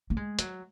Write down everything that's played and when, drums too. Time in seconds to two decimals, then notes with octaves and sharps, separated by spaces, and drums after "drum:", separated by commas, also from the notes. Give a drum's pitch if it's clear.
0.10 A#3
0.17 G#3
0.39 F#3, drum: hi-hat